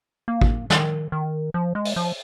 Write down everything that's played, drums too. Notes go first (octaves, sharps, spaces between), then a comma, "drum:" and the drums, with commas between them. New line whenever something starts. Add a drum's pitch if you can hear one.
A#3
drum: kick
D#3, drum: snare
D#3
F3
G#3
drum: open hi-hat
F3